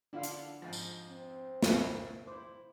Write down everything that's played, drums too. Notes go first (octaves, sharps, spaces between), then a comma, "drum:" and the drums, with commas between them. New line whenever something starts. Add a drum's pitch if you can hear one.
D3 D4 E4 F4 F5
drum: hi-hat
F2 G#2 F3
drum: tambourine
C4
G2 A#3, drum: snare
E4 C5 D6